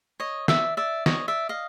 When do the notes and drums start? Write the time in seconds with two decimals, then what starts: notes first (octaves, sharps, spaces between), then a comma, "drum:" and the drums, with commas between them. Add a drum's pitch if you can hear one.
0.20 C#5 D#5
0.48 D5 E5, drum: snare
0.77 D5 E5
1.06 C#5 D#5, drum: snare
1.28 D5 E5
1.49 D#5 F5